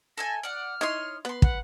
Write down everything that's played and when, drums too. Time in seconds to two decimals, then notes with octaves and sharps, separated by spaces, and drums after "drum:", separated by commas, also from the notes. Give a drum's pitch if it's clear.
0.17 A4 E5 G#5 A#6
0.43 D5 F#5 F6
0.81 D#4 E4 C#5 D#5 C6
1.25 B3 B4 C6
1.42 F#5, drum: kick